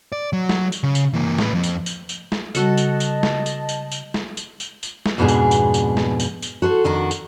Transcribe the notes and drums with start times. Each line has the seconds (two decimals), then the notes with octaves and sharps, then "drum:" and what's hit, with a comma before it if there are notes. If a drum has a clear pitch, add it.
0.12 D5
0.33 F#3
0.49 drum: snare
0.72 drum: tambourine
0.83 C#3
0.95 drum: tambourine
1.14 E3 A#3
1.38 A2 B4, drum: snare
1.54 F2
1.63 drum: tambourine
1.86 drum: tambourine
2.09 drum: tambourine
2.32 drum: snare
2.55 C#3 G3 F#4 A4 D#5 A5, drum: tambourine
2.77 drum: tambourine
3.00 drum: tambourine
3.23 drum: snare
3.46 drum: tambourine
3.69 drum: tambourine
3.92 drum: tambourine
4.14 drum: snare
4.37 drum: tambourine
4.60 drum: tambourine
4.83 drum: tambourine
5.06 drum: snare
5.18 F2 G#2 B2 B3 D4 G#4
5.28 drum: tambourine
5.51 drum: tambourine
5.74 drum: tambourine
5.97 drum: snare
6.20 drum: tambourine
6.42 drum: tambourine
6.62 F#4 A4 B4 C5
6.84 F2 D#3 D4 F#4
7.11 drum: tambourine